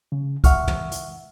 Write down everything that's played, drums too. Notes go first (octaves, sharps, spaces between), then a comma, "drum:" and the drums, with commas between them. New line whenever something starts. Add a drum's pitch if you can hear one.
C#3
E5 F#5 C#6 F6, drum: kick, hi-hat
drum: tom
drum: hi-hat